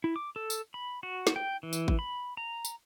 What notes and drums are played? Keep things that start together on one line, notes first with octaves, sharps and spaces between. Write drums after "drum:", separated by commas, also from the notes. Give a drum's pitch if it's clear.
E4
D6
A4
drum: tambourine
B5
F#4
drum: snare
G5
E3
drum: tambourine
drum: kick G#1
B5
A#5
drum: tambourine